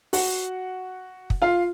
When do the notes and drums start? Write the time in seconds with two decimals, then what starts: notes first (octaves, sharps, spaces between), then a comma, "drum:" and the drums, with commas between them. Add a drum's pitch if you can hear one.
0.13 F#4 F#5, drum: open hi-hat
1.30 drum: kick
1.42 F4 F5